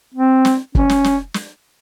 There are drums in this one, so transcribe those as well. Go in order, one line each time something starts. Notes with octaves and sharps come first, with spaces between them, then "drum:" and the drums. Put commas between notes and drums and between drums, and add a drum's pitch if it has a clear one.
C4
drum: snare
C#4, drum: kick
drum: snare
drum: snare
drum: snare